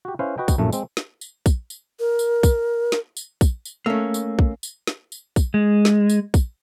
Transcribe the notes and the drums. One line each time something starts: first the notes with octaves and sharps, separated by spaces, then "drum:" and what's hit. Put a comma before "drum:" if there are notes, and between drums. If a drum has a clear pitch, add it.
F#4 G4
C#4 E4 B4 C5 F5
F#4 B4 D#5 G5
drum: kick, tambourine
A#1 F#2 A2 A3
G#3 C4, drum: tambourine
drum: snare
drum: tambourine
drum: kick, tambourine
drum: tambourine
A#4
drum: tambourine
drum: kick, tambourine
drum: snare
drum: tambourine
drum: kick, tambourine
drum: tambourine
A3 A#3 C#4 E6
drum: tambourine
drum: kick
drum: tambourine
drum: snare
drum: tambourine
drum: kick, tambourine
G#3
drum: snare
drum: tambourine
drum: kick, tambourine